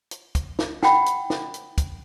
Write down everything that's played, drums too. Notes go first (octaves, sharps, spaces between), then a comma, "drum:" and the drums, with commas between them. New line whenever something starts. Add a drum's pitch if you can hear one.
drum: hi-hat
drum: kick, hi-hat
drum: snare
F#5 G5 B5, drum: snare
drum: hi-hat
drum: snare
drum: hi-hat
drum: kick, hi-hat